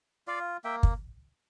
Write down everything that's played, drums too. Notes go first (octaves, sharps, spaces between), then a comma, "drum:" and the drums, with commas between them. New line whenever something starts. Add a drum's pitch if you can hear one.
F4 D5 F5
A#3 E5 G5
drum: kick